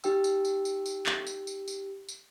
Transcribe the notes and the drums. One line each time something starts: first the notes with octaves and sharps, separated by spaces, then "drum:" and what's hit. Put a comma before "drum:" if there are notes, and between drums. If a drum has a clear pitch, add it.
D#4 G4 G5 E6, drum: tambourine
drum: tambourine
drum: tambourine
drum: tambourine
drum: tambourine
drum: clap
drum: tambourine
drum: tambourine
drum: tambourine
drum: tambourine